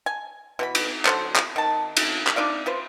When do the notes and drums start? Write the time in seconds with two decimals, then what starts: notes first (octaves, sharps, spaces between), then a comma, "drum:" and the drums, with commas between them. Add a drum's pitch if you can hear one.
0.06 G#5
0.59 B2 E3 B5
0.75 drum: cymbal
1.05 D3 F#3 A4 C5, drum: clap
1.36 drum: clap
1.56 D#3 A5
1.97 drum: cymbal
2.27 drum: clap
2.36 D4 D#4 D5 F5
2.66 F4 B4 C5